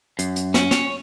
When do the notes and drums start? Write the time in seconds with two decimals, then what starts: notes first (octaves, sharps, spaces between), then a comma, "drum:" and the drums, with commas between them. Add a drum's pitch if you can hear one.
0.19 F#2, drum: hi-hat
0.36 drum: hi-hat
0.54 C#4, drum: snare
0.71 C#5, drum: snare